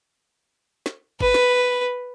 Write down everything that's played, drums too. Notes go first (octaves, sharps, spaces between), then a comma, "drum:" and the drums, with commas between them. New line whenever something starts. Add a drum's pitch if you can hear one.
drum: snare
B4, drum: kick
drum: snare